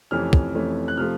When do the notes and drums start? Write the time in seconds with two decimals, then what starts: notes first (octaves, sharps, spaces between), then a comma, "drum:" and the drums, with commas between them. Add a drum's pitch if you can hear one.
0.11 F2 C3 E3 A3 C#4 F6
0.33 drum: kick
0.54 F2 C3 E3 A3 C#4
0.88 F#6
0.97 C3 F3 A3 F6